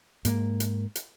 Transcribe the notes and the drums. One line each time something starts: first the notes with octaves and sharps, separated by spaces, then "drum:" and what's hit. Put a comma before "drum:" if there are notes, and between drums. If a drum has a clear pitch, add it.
G#2 A#3, drum: hi-hat
drum: hi-hat
drum: hi-hat